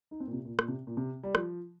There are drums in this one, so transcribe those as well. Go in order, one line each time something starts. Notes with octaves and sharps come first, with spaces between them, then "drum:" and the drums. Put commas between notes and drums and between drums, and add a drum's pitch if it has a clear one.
D#4
C4
A#2
C3
A#2
A#2, drum: rim click
C3
A#2
C3
G3
F3, drum: rim click